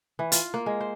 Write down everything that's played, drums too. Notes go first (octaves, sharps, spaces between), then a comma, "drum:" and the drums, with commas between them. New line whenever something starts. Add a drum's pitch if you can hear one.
E3
F4, drum: hi-hat
A#3
G#3
C5